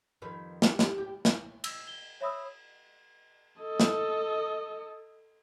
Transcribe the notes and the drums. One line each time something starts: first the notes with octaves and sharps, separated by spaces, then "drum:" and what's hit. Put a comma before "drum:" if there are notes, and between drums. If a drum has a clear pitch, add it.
F2 D#3 B4
G4, drum: snare
drum: snare
G4
drum: snare
E6, drum: cymbal
G7
C#5 E5 B5 D#6 E6
A4 D#5
drum: snare